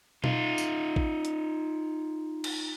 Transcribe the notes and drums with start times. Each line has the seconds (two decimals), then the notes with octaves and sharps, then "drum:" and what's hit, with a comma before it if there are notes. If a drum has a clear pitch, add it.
0.24 D#4 F4, drum: tom B2
0.58 drum: tambourine
0.96 drum: kick
1.25 drum: hi-hat
2.44 drum: cymbal